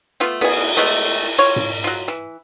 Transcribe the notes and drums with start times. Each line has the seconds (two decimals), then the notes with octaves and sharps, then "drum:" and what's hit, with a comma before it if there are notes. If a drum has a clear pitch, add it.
0.20 A3 B3 F4
0.41 B3 G#4, drum: cymbal
0.77 G#3 A3 B3
1.38 F4 C#5
1.56 drum: tom G#2
1.84 F#3 F4
2.08 E3